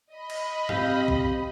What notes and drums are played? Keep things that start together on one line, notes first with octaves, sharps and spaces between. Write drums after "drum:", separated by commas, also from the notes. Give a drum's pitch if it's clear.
D#5 B5
drum: cymbal
C4 G4 F5, drum: tom G2
drum: kick